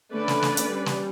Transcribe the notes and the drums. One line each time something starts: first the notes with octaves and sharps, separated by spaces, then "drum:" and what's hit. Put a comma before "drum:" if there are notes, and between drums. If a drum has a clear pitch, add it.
D3 A3 C#4 B4 D5
drum: snare
drum: snare
drum: hi-hat
G3 C#4
drum: snare